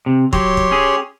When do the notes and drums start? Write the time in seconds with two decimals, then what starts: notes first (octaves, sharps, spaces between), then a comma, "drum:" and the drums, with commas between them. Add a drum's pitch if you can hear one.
0.06 C3
0.33 F#3 G4 C#5 C6, drum: kick
0.57 drum: kick
0.71 C#4 G#4